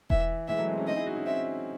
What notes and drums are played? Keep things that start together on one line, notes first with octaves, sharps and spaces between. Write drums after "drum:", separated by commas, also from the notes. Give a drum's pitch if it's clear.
E3 E5, drum: kick E1
E3 G#3 E5
F#3 A3
G#3 C4
A3 C#4
C4 D#4 D#5
E4 G#4
D#4 F#4
C#4 E4
C4 D#4 E5